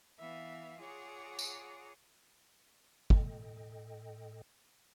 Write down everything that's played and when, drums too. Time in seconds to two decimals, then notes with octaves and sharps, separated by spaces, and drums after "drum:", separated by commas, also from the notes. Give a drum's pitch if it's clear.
0.19 E3 B3 E5 F5
0.78 F4 G#4 C#5 D5 F#5 A#5
1.39 drum: tambourine
3.10 A2 A4 D#5 G5, drum: kick